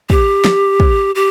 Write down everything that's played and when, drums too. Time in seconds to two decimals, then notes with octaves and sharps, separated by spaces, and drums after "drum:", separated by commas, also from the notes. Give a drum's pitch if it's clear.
0.10 G4, drum: kick
0.45 drum: snare
0.80 drum: kick
1.15 G4